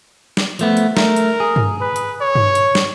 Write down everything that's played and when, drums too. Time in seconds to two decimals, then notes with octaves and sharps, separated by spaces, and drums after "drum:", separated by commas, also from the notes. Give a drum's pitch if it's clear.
0.37 drum: snare
0.59 F3 A3 B3, drum: hi-hat
0.77 drum: hi-hat
0.97 A3 A#4, drum: snare
1.16 drum: hi-hat
1.40 G#4
1.56 drum: tom G2
1.81 B4
1.96 drum: hi-hat
2.21 C#5
2.35 drum: tom G2
2.55 drum: hi-hat
2.75 drum: snare